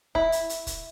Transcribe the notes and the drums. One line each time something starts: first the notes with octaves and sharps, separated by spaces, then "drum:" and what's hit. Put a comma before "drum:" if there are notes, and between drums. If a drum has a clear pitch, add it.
E4, drum: kick
drum: hi-hat
drum: hi-hat
drum: kick, hi-hat